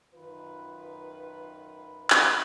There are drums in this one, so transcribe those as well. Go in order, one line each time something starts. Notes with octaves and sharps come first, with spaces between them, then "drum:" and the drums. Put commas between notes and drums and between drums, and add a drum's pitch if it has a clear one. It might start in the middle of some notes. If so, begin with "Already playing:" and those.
F#2 D#3 F4 B4
drum: clap